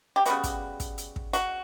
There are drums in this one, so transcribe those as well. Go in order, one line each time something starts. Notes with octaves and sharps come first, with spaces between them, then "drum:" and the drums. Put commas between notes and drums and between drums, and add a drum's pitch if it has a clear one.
G4
C#3 G3 B3 F#4, drum: hi-hat
drum: kick, hi-hat
drum: kick, hi-hat
drum: hi-hat
drum: kick
F#4, drum: hi-hat